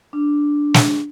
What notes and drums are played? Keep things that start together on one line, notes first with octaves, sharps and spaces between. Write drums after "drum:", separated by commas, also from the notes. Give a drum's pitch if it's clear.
D4
drum: snare